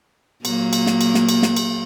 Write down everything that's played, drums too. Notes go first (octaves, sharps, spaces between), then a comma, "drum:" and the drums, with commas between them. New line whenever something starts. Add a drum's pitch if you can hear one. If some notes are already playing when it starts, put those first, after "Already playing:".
A#2 F#3 A#3, drum: cymbal
drum: cymbal
drum: snare
drum: cymbal
drum: snare
drum: cymbal
drum: snare
drum: cymbal